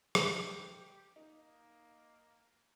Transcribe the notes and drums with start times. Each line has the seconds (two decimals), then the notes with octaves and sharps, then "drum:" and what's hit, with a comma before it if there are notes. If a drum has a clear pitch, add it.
0.15 G4, drum: rim click
1.16 A#3 D#4